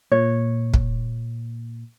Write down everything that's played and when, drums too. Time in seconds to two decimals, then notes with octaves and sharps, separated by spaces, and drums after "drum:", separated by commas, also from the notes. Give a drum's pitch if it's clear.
0.12 A#2 C#5
0.74 drum: kick